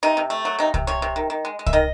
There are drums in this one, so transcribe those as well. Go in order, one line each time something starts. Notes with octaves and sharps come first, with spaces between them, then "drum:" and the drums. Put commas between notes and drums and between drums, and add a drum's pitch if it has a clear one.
C3 D#4
C3
A3
F#3
C3 D#4
C3, drum: kick C2
C3 C#5
C3
D#3
D#3
G#3
G#3
E5, drum: kick C2
D#3 D#5